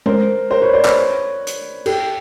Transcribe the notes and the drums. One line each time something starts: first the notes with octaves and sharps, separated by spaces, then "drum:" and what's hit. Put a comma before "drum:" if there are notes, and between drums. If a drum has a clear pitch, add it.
A#4 C5, drum: tom G#3
A#4 C5
B4 C#5
C5 D5
B4 C#5, drum: clap
drum: hi-hat
G4 A4, drum: cymbal